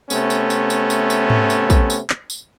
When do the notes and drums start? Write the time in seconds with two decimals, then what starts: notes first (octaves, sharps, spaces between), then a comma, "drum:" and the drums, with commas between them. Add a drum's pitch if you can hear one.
0.10 C3 A3 B3 C#4, drum: tambourine
0.30 drum: tambourine
0.50 drum: tambourine
0.70 drum: tambourine
0.90 drum: tambourine
1.10 drum: tambourine
1.30 drum: tom G#2
1.50 drum: tambourine
1.70 drum: kick, tambourine
1.90 drum: tambourine
2.10 drum: clap
2.30 drum: tambourine